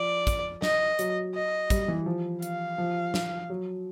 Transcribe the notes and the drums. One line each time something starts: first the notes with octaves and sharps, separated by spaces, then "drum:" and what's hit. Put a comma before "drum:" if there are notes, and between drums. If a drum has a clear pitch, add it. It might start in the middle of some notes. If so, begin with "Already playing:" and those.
Already playing: F3 D5
drum: kick, hi-hat
D#5, drum: snare
F#3, drum: hi-hat
D#5
G3, drum: kick, hi-hat
E3
F3
F5, drum: hi-hat
F3
drum: snare
F#3